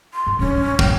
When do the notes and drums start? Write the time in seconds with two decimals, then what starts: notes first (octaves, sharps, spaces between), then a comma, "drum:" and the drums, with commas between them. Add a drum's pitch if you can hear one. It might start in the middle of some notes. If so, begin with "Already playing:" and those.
0.14 C6
0.26 G2
0.39 G2 C#4 D#4
0.79 F#1 C3 G5, drum: kick